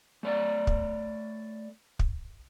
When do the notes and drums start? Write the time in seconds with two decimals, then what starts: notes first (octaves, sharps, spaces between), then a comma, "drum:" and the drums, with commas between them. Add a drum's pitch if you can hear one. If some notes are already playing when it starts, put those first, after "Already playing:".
0.23 A3 C#5 D5
0.67 drum: kick
1.99 drum: kick